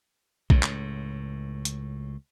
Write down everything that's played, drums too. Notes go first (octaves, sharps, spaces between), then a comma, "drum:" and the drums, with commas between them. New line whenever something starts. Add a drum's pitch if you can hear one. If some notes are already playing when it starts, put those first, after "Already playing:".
C#2 A2, drum: kick
drum: clap
drum: hi-hat